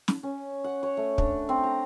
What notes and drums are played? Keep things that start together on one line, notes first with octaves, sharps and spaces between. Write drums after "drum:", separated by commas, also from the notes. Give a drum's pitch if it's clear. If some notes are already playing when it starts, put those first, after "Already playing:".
drum: snare
C#4
F#5
C#5
A3
D4, drum: kick
C4
A#5